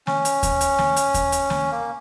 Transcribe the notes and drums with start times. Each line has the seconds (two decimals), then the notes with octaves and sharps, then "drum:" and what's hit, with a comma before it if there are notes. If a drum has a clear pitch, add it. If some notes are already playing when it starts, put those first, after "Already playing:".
0.07 C#4, drum: snare
0.25 drum: hi-hat
0.43 drum: kick D#2, hi-hat
0.61 drum: hi-hat
0.79 drum: snare
0.96 drum: hi-hat
1.14 drum: kick D#2, hi-hat
1.32 drum: hi-hat
1.50 drum: snare
1.72 A#3